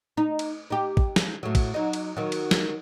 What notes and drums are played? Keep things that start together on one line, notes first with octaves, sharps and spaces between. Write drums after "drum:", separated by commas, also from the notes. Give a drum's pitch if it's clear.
D#4
drum: cymbal
D#4 G4
drum: kick
drum: snare
A2 F#3
drum: kick, cymbal
F#3 D#4
drum: cymbal
D#3 F#3
drum: cymbal
drum: snare